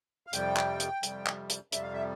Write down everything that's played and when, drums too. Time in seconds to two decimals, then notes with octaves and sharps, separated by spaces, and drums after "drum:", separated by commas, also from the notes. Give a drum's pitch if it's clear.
0.27 F5
0.33 F2 C3 G3 G5, drum: hi-hat
0.57 drum: clap
0.80 drum: hi-hat
1.03 F2 C3 G3, drum: hi-hat
1.26 drum: clap
1.50 drum: hi-hat
1.72 F2 C3 G3 E5, drum: hi-hat
1.83 F5
1.93 E5